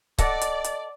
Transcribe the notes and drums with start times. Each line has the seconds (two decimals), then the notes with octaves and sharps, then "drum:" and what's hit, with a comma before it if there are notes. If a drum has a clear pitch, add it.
0.18 A4 D5 D#5 F#5, drum: kick C#1, hi-hat
0.41 drum: hi-hat
0.64 drum: hi-hat